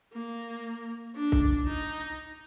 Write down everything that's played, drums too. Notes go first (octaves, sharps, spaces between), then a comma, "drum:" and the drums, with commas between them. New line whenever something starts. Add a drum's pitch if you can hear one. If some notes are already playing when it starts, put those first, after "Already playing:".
A#3
D4
drum: kick
D#4